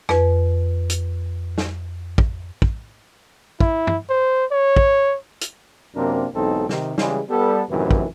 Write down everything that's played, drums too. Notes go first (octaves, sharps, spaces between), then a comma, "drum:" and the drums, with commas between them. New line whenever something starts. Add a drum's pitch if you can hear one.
F2 B4, drum: rim click
drum: hi-hat
drum: snare
drum: kick
drum: kick
E4, drum: kick
drum: tom
C5
C#5
drum: kick
drum: hi-hat
F#2 C3 A#3 C4 D4 A#4
B1 E2 G#2 C4 D#4 A4
C3 D#3, drum: snare
C#3 E3 G3 G#3, drum: snare
G3 B3 A4
F#2 A2 C3 D#3 E3
drum: kick